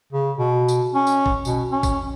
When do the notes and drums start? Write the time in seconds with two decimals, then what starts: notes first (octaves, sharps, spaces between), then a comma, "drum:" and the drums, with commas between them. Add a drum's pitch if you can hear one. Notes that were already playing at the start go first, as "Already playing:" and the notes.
0.12 C#3
0.38 B2
0.68 drum: tambourine
0.95 C#4
1.07 drum: tambourine
1.26 drum: kick
1.45 B2, drum: tambourine
1.71 C#4
1.83 drum: kick, tambourine